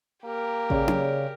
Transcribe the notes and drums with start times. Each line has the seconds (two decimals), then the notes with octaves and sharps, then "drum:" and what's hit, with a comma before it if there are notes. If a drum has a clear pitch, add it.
0.24 A#3 G4 A#4
0.70 C#3 G#4 C#5 D5, drum: kick A1
0.88 drum: tom C#4